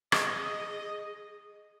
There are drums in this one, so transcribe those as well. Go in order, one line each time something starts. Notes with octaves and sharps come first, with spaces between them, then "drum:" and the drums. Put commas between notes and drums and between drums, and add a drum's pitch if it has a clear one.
G#4 D#5, drum: rim click